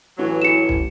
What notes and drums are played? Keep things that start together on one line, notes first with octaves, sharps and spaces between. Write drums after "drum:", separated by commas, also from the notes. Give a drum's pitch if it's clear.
A1 E3 F#3
C#7 E7
drum: kick